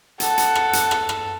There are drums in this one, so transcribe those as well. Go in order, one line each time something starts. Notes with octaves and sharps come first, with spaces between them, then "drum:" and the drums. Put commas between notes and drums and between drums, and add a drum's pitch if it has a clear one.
A4 F#5, drum: hi-hat
drum: hi-hat
drum: rim click
drum: hi-hat
drum: rim click
drum: rim click